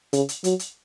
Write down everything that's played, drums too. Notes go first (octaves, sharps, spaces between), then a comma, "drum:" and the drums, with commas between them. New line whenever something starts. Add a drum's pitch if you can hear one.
C#3, drum: hi-hat
drum: hi-hat
F#3, drum: hi-hat
drum: hi-hat